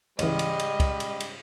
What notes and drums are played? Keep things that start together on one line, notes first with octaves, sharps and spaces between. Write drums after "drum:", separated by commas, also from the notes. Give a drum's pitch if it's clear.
C#2 G#2 C#3 E3 G3 D#5, drum: cymbal
drum: cymbal
drum: cymbal
drum: kick, cymbal
drum: cymbal
drum: cymbal